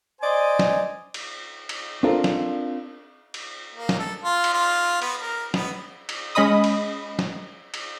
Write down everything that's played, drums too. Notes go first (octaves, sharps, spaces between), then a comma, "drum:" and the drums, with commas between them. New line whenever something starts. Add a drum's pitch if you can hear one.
C5 D5 D#5 G#5
drum: snare
drum: cymbal
drum: cymbal
C4 D4 F4 A4 A#4
drum: snare
drum: cymbal
A#3
drum: snare
A4
F4
drum: cymbal
F4
B3, drum: cymbal
A#4
B3, drum: snare
drum: cymbal
G#3 C#4 D#5 B5 D#6
drum: cymbal
drum: snare
drum: cymbal